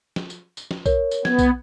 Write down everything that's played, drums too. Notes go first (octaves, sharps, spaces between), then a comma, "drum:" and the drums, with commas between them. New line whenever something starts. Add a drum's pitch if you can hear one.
drum: snare
drum: tambourine
drum: tambourine
drum: snare
A#4 C#5, drum: kick B1, tambourine
drum: tambourine
B3 G#6, drum: snare
drum: kick B1, tambourine